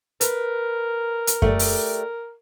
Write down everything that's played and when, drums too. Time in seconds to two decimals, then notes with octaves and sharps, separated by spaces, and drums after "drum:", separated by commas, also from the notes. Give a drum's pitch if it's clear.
0.21 A#4 B4, drum: hi-hat
1.27 drum: hi-hat
1.42 A3 G4 D5, drum: kick F#2
1.59 drum: open hi-hat